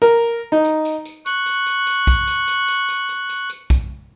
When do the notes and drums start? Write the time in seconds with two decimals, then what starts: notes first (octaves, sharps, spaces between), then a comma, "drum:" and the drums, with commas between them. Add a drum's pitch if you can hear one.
0.02 A#4, drum: tambourine
0.52 D#4
0.65 drum: tambourine
0.85 drum: tambourine
1.06 drum: tambourine
1.26 C#6 F#6, drum: tambourine
1.46 drum: tambourine
1.67 drum: tambourine
1.87 drum: tambourine
2.07 drum: kick B1, tambourine
2.28 drum: tambourine
2.48 drum: tambourine
2.68 drum: tambourine
2.89 drum: tambourine
3.09 drum: tambourine
3.29 drum: tambourine
3.50 drum: tambourine
3.70 drum: kick B1, tambourine